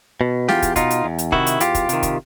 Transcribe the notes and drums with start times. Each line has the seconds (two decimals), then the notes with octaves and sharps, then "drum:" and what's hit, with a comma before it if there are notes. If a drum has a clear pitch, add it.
0.21 B2
0.49 E2 F4 G4, drum: snare
0.62 drum: kick, hi-hat
0.76 B2 D#4 F4, drum: kick, hi-hat
0.90 drum: hi-hat
1.05 E2
1.18 drum: hi-hat
1.32 C3 D#3 E4 F#4, drum: kick
1.46 drum: hi-hat
1.60 E2 F4 G4, drum: hi-hat
1.75 drum: kick, hi-hat
1.89 C3 D#3, drum: hi-hat
2.03 drum: kick, hi-hat